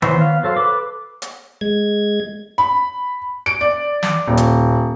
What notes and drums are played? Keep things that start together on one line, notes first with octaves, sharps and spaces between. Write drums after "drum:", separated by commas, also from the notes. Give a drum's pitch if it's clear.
E3 B3 C5 C#5 E5, drum: tom D#3
B3 F5
F#3 A4 C5 F5
A4 B4 D6
drum: hi-hat
G#3 G#6
B5
D7
D5
drum: snare
D#1
drum: hi-hat